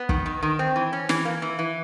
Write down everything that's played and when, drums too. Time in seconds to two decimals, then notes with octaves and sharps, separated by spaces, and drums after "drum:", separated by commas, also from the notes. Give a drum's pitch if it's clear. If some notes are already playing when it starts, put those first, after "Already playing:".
Already playing: B3
0.09 D#3, drum: kick
0.26 D#3
0.43 D#3
0.59 C4
0.76 E3
0.93 C#4
1.09 E3, drum: snare
1.25 A#3
1.42 E3
1.59 E3